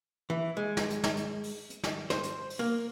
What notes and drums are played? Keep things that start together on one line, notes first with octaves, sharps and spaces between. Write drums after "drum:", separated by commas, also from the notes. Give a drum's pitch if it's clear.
E3
G#3
drum: snare
drum: hi-hat
drum: snare
drum: hi-hat
drum: open hi-hat
drum: hi-hat
drum: snare
C5, drum: snare
drum: hi-hat
drum: open hi-hat
A#3